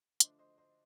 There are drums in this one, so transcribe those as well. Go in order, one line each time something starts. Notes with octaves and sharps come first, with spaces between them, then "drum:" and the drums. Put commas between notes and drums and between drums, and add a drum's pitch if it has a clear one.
D3 F3 A3 D4 C5 D#5, drum: hi-hat
C5 D#5
C5 D#5